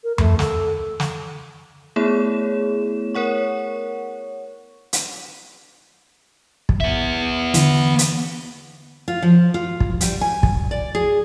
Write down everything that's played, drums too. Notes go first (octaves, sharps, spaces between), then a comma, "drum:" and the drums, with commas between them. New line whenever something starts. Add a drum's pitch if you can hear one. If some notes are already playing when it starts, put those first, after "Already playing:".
A#4
A3, drum: tom F2
A4, drum: snare
drum: snare
A3 B3 E4 G#4 C#5 E7
A#4 C#5 F#5 C#6
drum: hi-hat
drum: kick
B3 E5
D3 E3, drum: hi-hat
drum: hi-hat
F4
F3
F4
drum: kick
G3, drum: hi-hat
G#5
drum: kick
D5
G#4